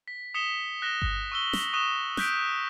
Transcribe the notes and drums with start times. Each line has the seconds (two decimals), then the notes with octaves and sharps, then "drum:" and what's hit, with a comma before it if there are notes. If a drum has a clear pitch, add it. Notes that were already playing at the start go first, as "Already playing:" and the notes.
0.08 B6
0.34 D#6 B6 C#7 E7 G7
0.82 F#6 A#6 E7 G7
1.02 drum: kick G1
1.32 C#6 E6 G7
1.53 drum: snare
1.73 C#6 D#6 F#6 E7 G7
2.17 F#6 G6 B6 D7, drum: snare